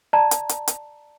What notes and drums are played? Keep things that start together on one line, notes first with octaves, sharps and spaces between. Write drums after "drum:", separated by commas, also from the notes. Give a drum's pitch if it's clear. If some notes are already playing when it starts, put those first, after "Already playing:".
D5 A5 A#5
drum: hi-hat
drum: hi-hat
drum: hi-hat